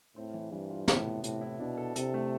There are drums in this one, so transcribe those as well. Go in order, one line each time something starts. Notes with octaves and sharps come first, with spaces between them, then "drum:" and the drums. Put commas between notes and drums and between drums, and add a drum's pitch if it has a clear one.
A2 C4
E3
G2 E3
F4
A2 B3, drum: snare
C3
A2 C3, drum: hi-hat
E4
B2 D4
A4
C3 A4, drum: hi-hat
A3